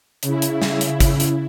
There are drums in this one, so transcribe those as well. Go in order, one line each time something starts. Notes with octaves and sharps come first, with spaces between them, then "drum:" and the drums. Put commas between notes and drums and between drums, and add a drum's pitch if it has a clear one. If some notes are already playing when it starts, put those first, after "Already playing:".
C#3 E4, drum: hi-hat
drum: hi-hat
drum: snare
drum: hi-hat
drum: kick, hi-hat
drum: hi-hat